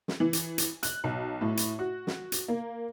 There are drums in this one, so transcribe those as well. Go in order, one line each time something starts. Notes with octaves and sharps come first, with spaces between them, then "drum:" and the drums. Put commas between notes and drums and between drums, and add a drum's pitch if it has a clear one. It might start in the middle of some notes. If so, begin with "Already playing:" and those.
drum: snare
E3
drum: hi-hat
drum: hi-hat
F#6, drum: hi-hat
B1
A2
drum: hi-hat
F#4
drum: snare
drum: hi-hat
A#3